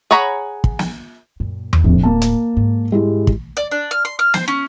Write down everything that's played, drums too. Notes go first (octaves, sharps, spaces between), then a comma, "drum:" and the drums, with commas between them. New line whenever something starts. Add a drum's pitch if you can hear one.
G#4 C#5 F#5 A#5 B5
drum: kick
drum: snare
F#2 A#2
drum: tom E2
D1 A#1 F2 A2
A#3 A5
drum: hi-hat
G#2
G#3 E4 G4
drum: kick
D5
D4
F6
C6
F6
C5, drum: snare
C#4